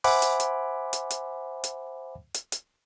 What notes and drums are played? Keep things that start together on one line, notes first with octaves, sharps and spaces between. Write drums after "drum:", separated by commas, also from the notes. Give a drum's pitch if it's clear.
C5 E5 F#5 G#5 B5 D6, drum: open hi-hat
drum: hi-hat
drum: hi-hat
drum: hi-hat
drum: hi-hat
drum: hi-hat
drum: hi-hat
drum: hi-hat